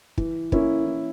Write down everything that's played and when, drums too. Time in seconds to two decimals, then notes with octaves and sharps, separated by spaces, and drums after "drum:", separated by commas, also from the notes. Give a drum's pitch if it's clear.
0.18 E3, drum: kick
0.52 A#3 C#4 E4, drum: kick
0.86 E3